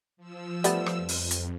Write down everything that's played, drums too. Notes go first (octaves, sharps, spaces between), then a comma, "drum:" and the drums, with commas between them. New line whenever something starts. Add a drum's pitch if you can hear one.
F3 E6
G3 A3 B3, drum: hi-hat
drum: rim click
F2
drum: open hi-hat
drum: hi-hat